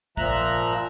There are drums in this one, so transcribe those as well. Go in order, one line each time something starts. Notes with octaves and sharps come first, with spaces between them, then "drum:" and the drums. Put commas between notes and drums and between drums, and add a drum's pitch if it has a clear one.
A#2 F3 E5 A#5 F#6, drum: kick A1